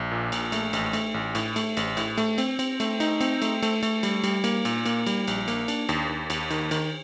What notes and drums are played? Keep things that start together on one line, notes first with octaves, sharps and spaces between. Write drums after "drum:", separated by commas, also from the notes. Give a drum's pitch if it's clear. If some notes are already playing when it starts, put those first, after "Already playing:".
Already playing: A#1
A#2
A#1, drum: cymbal
A3, drum: cymbal
A1, drum: cymbal
A3, drum: cymbal
A1
A2, drum: cymbal
A3, drum: cymbal
A1, drum: cymbal
A2, drum: cymbal
A3, drum: cymbal
C4, drum: cymbal
C4, drum: cymbal
A3, drum: cymbal
D#4, drum: cymbal
C4, drum: cymbal
A3, drum: cymbal
A3, drum: cymbal
A3, drum: cymbal
G3, drum: cymbal
G3, drum: cymbal
A#3, drum: cymbal
A#2, drum: cymbal
A#3, drum: cymbal
G3, drum: cymbal
A#1, drum: cymbal
A#3, drum: cymbal
D4, drum: cymbal
D#2, drum: cymbal
D#2
D#2, drum: cymbal
D#3, drum: cymbal
D#3, drum: cymbal